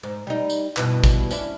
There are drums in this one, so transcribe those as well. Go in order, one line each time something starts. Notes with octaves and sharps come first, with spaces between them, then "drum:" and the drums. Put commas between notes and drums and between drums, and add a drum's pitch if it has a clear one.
G#2
G3 D#4
drum: tambourine
G2 B2 E3, drum: clap
drum: kick, tambourine
C#4 D4 E4, drum: tambourine